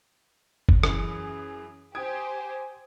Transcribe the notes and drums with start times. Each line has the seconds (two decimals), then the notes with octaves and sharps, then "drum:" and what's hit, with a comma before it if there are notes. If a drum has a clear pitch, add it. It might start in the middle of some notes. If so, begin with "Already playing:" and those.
0.69 drum: kick F#1
0.83 F#2 E3 G#4, drum: rim click
1.95 G4 C5 G#5 D#6 G#6 D7